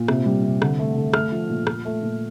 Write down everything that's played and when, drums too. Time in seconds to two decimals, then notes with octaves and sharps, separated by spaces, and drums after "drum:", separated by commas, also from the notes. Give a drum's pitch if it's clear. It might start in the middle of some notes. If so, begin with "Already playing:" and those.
Already playing: A#2
0.08 C3, drum: rim click
0.26 G3
0.43 C3
0.62 D3, drum: rim click
0.79 A3
0.96 D3
1.13 A3 F6, drum: rim click
1.32 F3
1.50 A#2
1.67 A#2, drum: rim click
1.85 A3
2.03 A#2